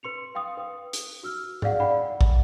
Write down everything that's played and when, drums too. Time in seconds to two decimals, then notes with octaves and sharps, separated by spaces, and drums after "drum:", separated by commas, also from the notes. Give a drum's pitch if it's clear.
0.03 B4 C6 C#7 F7
0.35 F5 G5 C6 D#6
0.57 B4 D#6
0.93 drum: hi-hat
1.23 F#4 E6 F6
1.62 G#4 D5 F5 F#5, drum: tom G#2
1.80 D5 F#5 G5 B5
2.21 drum: kick A1